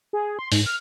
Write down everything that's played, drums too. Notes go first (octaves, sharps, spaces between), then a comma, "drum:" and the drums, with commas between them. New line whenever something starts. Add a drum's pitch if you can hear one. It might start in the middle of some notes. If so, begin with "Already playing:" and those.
G#4
C6
G#2, drum: open hi-hat
F6